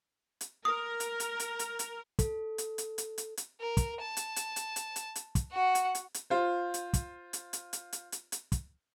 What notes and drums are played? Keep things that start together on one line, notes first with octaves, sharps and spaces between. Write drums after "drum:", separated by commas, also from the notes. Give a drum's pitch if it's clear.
drum: hi-hat
A#4 D#6
drum: hi-hat
drum: hi-hat
drum: hi-hat
drum: hi-hat
drum: hi-hat
A4, drum: kick, hi-hat
drum: hi-hat
drum: hi-hat
drum: hi-hat
drum: hi-hat
drum: hi-hat
A#4
drum: kick, hi-hat
A5
drum: hi-hat
drum: hi-hat
drum: hi-hat
drum: hi-hat
drum: hi-hat
drum: hi-hat
drum: kick, hi-hat
F#4 F#5
drum: hi-hat
drum: hi-hat
drum: hi-hat
F4 C5
drum: hi-hat
drum: kick, hi-hat
drum: hi-hat
drum: hi-hat
drum: hi-hat
drum: hi-hat
drum: hi-hat
drum: hi-hat
drum: kick, hi-hat